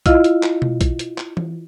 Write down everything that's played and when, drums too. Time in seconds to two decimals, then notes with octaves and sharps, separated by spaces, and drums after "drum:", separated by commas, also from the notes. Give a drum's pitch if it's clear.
0.06 E4 F4 D#5 F5, drum: kick B1, hi-hat
0.24 drum: hi-hat
0.43 drum: clap
0.62 drum: tom B2
0.81 drum: kick B1, hi-hat
0.99 drum: hi-hat
1.18 drum: clap
1.37 drum: tom E3